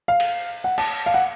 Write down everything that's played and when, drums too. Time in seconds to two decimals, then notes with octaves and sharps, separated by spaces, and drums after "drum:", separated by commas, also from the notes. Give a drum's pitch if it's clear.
0.08 F5
0.20 drum: cymbal
0.64 F#5
0.78 A5, drum: cymbal
1.06 F5
1.14 F#5